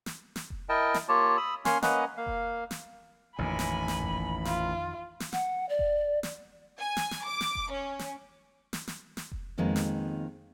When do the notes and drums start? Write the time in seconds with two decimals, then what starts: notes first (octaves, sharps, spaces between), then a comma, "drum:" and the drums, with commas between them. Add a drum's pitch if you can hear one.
0.06 drum: snare
0.36 drum: snare
0.50 drum: kick F1
0.69 E4 A#4 D#5 G5 A5
0.94 drum: snare
1.09 A#3 F4 G4 C#5 A5
1.37 B5 D#6 E6
1.65 A#3 C#4 G#5 C6 C#6 F6, drum: snare
1.82 A#3 C#4 B4 D#5 F#5 A#5, drum: snare
2.17 A#3 F5
2.27 drum: kick F1
2.71 drum: snare
3.39 A1 F2 A#2 D#3 G#5 B5
3.59 drum: snare
3.88 drum: snare
4.03 drum: kick F1
4.45 F4, drum: snare
5.20 drum: snare
5.33 F#5, drum: snare
5.69 D5
5.79 drum: kick F1
6.23 drum: snare
6.80 G#5
6.97 drum: snare
7.11 drum: snare
7.25 D6
7.41 drum: snare
7.55 drum: kick F1
7.72 C#4
7.99 drum: snare
8.73 drum: snare
8.88 drum: snare
9.17 drum: snare
9.32 drum: kick F1
9.58 F2 D#3 G#3 A#3 B3
9.76 drum: snare